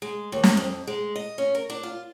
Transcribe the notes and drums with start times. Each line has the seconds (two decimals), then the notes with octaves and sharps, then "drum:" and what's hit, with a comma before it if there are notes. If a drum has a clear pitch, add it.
0.02 G#3
0.32 D#2
0.44 drum: snare
0.57 F2
0.87 G#3
1.16 D#5
1.38 C#4
1.55 A#4
1.70 D4
1.83 F4